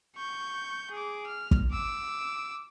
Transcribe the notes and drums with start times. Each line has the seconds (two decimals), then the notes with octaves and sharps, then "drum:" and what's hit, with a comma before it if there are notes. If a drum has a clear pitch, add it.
0.16 C#6 G6
0.91 G#4 D6
1.26 F6
1.51 drum: kick
1.72 D6 E6